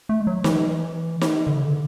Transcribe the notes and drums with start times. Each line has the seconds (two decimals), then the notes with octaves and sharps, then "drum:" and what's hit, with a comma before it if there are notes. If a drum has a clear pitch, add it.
0.09 A3
0.21 G#3
0.27 F#3
0.44 E3, drum: snare
1.21 drum: snare
1.47 D3
1.56 C#3
1.64 D3